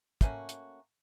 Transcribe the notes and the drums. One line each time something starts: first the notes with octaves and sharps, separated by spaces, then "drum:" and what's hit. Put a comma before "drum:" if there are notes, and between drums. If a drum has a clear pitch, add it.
A3 A#3 C#4 F#4, drum: kick, hi-hat
drum: hi-hat